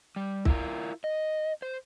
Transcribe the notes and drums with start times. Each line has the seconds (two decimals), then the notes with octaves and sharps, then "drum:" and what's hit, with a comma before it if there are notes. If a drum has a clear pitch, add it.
0.16 G3
0.45 E4 F4 A#4, drum: kick
1.04 D#5
1.62 C5